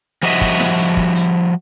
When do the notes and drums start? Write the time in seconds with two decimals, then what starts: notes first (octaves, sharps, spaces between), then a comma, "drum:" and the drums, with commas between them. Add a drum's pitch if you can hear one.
0.23 F3 G3 F#4 D#5 E5
0.41 drum: kick, open hi-hat
0.60 drum: snare
0.78 drum: hi-hat
0.97 drum: kick
1.15 drum: hi-hat